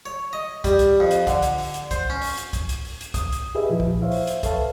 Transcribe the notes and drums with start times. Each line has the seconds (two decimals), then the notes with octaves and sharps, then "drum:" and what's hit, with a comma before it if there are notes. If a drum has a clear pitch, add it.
0.06 C#5
0.33 D#5
0.64 G3, drum: kick, hi-hat
0.79 drum: hi-hat
1.00 F2
1.11 drum: hi-hat
1.27 D3, drum: kick, hi-hat
1.42 drum: hi-hat
1.58 drum: open hi-hat
1.74 drum: hi-hat
1.91 C5, drum: kick, hi-hat
2.10 C#4
2.21 drum: open hi-hat
2.37 drum: hi-hat
2.53 drum: kick, hi-hat
2.69 drum: hi-hat
2.85 drum: open hi-hat
3.01 drum: hi-hat
3.14 D#6, drum: kick, hi-hat
3.32 drum: hi-hat
3.55 G4 G#4 B4 D#5 E5
3.69 A#2 F3 E4
3.80 drum: kick
4.02 C5 C#5 E5 F5
4.11 drum: open hi-hat
4.27 drum: hi-hat
4.43 A4 B4 C#5 E5 F5 A5, drum: kick, hi-hat